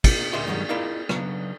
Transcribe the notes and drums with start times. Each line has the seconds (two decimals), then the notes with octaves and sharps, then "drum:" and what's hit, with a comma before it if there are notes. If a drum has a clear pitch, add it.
0.04 A#3, drum: kick, cymbal
0.33 D2 A#2 D#5 E5 C6
0.47 G2 D#3 F#3 G#3
0.69 E4 F4 A#4 D5 D#5 F5
1.09 C#3 F#3 B3 D4, drum: rim click